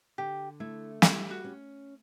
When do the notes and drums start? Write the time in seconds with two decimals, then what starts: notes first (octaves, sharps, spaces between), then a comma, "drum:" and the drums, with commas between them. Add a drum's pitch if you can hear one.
0.18 D3 G4
0.60 A3 E4
1.02 G3 E4, drum: snare
1.31 F#4
1.44 C#4